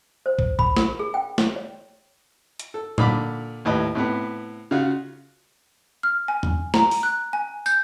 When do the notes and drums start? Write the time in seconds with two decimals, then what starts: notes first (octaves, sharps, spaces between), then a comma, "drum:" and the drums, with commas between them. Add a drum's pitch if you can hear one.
0.26 C5
0.39 drum: kick
0.59 B5, drum: kick
0.77 A#4, drum: snare
1.00 G#4
1.14 G5
1.38 drum: snare
1.56 C#5
2.59 drum: hi-hat
2.74 A4
2.98 A#2 D3 B5 D6, drum: tom
3.65 D#2 A2 B4 D#5
3.95 A2 C3 B3
4.71 C#3 F4 F#4 F5
6.03 F6
6.28 G#5
6.43 drum: tom E2
6.74 A#5, drum: snare
6.91 drum: open hi-hat
7.03 F#6
7.33 G#5
7.66 G6, drum: tambourine